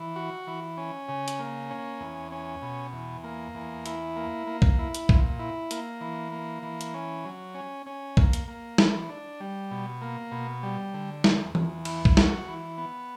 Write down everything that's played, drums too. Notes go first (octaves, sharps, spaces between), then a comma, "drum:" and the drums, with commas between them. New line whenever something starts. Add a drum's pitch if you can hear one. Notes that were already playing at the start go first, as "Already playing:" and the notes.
Already playing: E3
F#4
E3
C#4
C#3
drum: hi-hat
A#3
C#4
E2
C#4
B2
E2
A#3
E2
E4, drum: hi-hat
A#3
A#3
drum: kick
E4
drum: hi-hat
A#2, drum: kick
E4
A#3, drum: hi-hat
E3
A#3
E3
drum: hi-hat
C#4
F#3
C#4
C#4
A#3, drum: kick
drum: hi-hat
A#3
E3, drum: snare
D4
G3
B2
A#3
B2
G3
D3
E2, drum: snare
E2, drum: tom E3
E3, drum: cymbal
drum: kick
F#4, drum: snare
E3
B3